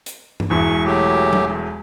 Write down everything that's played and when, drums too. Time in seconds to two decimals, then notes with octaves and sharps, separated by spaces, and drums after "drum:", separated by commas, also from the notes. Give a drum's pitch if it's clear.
0.06 drum: hi-hat
0.40 drum: tom G2
0.50 E1 E2 E3 C#6
0.85 F#3 A3 G4
1.33 drum: tom F#3